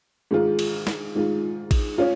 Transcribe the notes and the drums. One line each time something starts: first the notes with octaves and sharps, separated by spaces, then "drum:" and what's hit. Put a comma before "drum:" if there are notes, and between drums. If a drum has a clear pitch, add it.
G#2 D#3 G#3 F4
drum: cymbal
drum: snare
G#2 D#3 G#3 F4
drum: kick A1, cymbal
C#4 F4